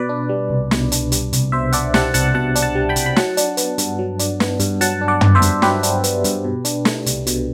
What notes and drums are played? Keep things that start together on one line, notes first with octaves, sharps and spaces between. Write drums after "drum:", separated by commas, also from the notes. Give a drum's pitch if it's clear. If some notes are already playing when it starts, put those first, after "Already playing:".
Already playing: B2 B4 D5
D4
G3
C2
B2, drum: snare
D4, drum: hi-hat
G3, drum: hi-hat
C2, drum: hi-hat
B2 C5 E5
D4 D5 F#5, drum: hi-hat
G3 F#5 A5, drum: snare
C2 F#5 A5, drum: hi-hat
B2 F#5 A5
D4, drum: hi-hat
F#5 A5
G3
G5 B5
C2, drum: hi-hat
B5
F#3 F#5 A5, drum: snare
D4, drum: hi-hat
B3, drum: hi-hat
G2, drum: hi-hat
F#3
D4, drum: hi-hat
B3, drum: snare
G2, drum: hi-hat
F#3 F#5 A5, drum: hi-hat
D4
D5 F#5
B3, drum: tom
C5 E5
G2, drum: hi-hat
F#3 G4 B4, drum: snare
D4, drum: hi-hat
B3, drum: hi-hat
G2, drum: hi-hat
B2
D4, drum: hi-hat
A3, drum: snare
C2, drum: hi-hat
B2, drum: hi-hat